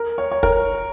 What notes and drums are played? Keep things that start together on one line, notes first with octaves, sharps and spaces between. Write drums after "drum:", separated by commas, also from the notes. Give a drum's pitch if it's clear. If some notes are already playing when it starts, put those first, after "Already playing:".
Already playing: A#4
C#5
C#5
A#4, drum: kick